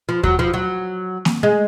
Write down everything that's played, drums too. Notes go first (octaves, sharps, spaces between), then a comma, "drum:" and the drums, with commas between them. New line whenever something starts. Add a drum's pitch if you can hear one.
F3
F#3, drum: kick D#2
F3
F#3
drum: snare A#3
G#3